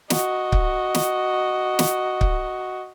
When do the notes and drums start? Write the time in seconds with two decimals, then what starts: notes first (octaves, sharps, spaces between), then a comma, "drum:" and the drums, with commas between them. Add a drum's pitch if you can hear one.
0.10 F#4 D#5, drum: snare
0.52 drum: kick C#1
0.94 drum: snare
1.79 drum: snare
2.21 drum: kick C#1